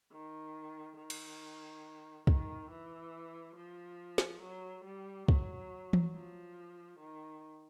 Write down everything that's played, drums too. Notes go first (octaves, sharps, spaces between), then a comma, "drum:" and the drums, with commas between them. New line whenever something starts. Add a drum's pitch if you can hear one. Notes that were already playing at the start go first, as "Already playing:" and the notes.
D#3
D#3
drum: cymbal
D#3, drum: kick
E3
F3
drum: snare
F#3
G3
F#3, drum: kick
drum: tom E3
F3
D#3